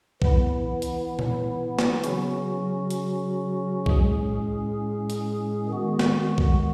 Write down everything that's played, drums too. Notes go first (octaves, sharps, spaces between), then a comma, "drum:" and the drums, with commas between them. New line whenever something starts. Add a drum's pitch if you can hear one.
E3 B3 E4, drum: kick B1
drum: hi-hat
drum: tom A#2
drum: snare
C#3 F#3 C#4 F#4, drum: hi-hat
drum: hi-hat
A2 G#3 C#4 G#4, drum: kick B1
drum: hi-hat
D#3 G#3 B3 F#4
drum: snare
drum: kick B1